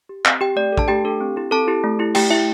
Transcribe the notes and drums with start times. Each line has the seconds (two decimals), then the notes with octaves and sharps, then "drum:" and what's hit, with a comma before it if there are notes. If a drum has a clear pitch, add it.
0.09 G4
0.25 C4, drum: clap
0.41 G4 G5
0.56 A3 D5
0.72 A4
0.78 D4 A5, drum: kick
0.88 A3 G4 G5
1.05 D4 A4
1.21 C4
1.36 E4 G4
1.51 C4 A4 A5
1.68 E4 G4
1.84 A3
1.99 E4 G4
2.15 A3 G4 G5, drum: cymbal
2.30 E4 G4 E5